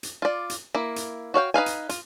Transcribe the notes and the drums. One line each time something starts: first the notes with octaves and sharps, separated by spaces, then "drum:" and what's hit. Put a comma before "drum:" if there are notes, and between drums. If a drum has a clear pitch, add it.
drum: hi-hat
F4 D5
drum: hi-hat
A#3 E4
drum: hi-hat
F#4 C#5 F5 G5
D#4 B4 F5 G#5
drum: hi-hat
F4, drum: hi-hat